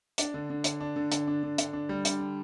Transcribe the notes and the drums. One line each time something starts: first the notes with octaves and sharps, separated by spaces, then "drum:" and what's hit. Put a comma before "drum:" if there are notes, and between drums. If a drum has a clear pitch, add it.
D4, drum: hi-hat
D3
D3
D3, drum: hi-hat
D4
D3
D3, drum: hi-hat
D4
D3
D3, drum: hi-hat
D4
G3
D3, drum: hi-hat
D3